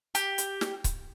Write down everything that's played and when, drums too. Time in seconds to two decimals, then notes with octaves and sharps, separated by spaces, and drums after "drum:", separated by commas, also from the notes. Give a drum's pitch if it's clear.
0.15 G4, drum: hi-hat
0.38 drum: hi-hat
0.61 drum: snare
0.84 drum: kick C#1, hi-hat